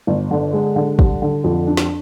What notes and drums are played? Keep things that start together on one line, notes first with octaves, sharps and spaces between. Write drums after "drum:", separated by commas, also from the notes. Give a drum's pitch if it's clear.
G1
D3
G#3
D3
G3, drum: kick
D3
F2
D4
drum: snare